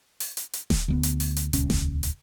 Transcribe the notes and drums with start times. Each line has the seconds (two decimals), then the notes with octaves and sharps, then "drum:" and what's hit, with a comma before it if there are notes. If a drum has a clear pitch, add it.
0.20 drum: open hi-hat
0.37 drum: hi-hat
0.53 drum: hi-hat
0.70 drum: snare D#1
0.88 D2 A3 B3
1.03 drum: hi-hat
1.20 drum: open hi-hat
1.37 drum: hi-hat
1.53 D#1 C#2 C#4, drum: hi-hat
1.70 drum: snare D#1
2.03 drum: hi-hat